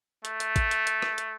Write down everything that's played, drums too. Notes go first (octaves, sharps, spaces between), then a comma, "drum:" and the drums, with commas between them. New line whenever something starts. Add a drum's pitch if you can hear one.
A3, drum: hi-hat
drum: hi-hat
drum: kick, hi-hat
drum: hi-hat
drum: hi-hat
drum: rim click
drum: hi-hat